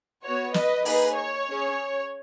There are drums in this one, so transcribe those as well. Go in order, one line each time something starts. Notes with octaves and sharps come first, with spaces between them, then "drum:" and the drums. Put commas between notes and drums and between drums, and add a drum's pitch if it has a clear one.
B3 F#4 C#5
B4 D#5, drum: snare
A#3 D#4 G#4 B4, drum: open hi-hat
C#5
C#4 G#4